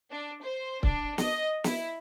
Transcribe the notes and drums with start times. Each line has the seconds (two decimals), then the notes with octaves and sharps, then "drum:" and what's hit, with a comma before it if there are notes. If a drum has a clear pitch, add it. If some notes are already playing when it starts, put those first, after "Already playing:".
0.11 D4
0.43 C5
0.83 D4, drum: kick C#1
1.18 D#5, drum: snare
1.64 E4, drum: snare